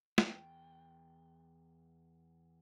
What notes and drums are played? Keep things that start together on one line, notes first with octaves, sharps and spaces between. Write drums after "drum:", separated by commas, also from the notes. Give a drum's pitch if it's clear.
E2 G5, drum: snare